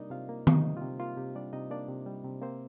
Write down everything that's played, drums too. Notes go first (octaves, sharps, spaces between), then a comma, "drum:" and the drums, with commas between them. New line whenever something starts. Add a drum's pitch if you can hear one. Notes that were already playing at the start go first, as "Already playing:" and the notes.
Already playing: C3 G3 A#3 D4 D#4 A#4 D5 D#5
C3 F4 F5
A#3
C3, drum: tom D#3
D#4 D#5
G3
C3 F4
A#3 F4
C3 G4
G3 D4 D5
C3 D#4 D#5
A#3 D4 D5
C3
G3
C3
A#3 C4 C5